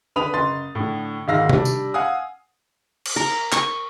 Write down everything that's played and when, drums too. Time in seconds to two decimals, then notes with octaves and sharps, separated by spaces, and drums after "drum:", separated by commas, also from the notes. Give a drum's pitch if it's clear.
0.16 D3 B4 B5 D#6 F7
0.34 F#1 C6 A6
0.75 A2 D3
1.28 D2 G#2 D#3 F5 E6 A#6
1.49 G3 D4, drum: tom C3
1.65 drum: tambourine
1.94 F5 F#5 G#5 D#6
3.06 drum: cymbal
3.16 A#4
3.52 C#6, drum: clap